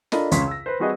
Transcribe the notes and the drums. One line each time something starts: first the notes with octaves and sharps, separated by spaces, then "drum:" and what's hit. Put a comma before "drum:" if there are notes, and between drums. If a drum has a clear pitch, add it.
D4 F4 A4 A#4 D#5 B5, drum: snare
C#2 C#3 C#5 C6 B6, drum: hi-hat
E6 A#6
B4 C5
G3 C4 F#4 G#4 B4 D#5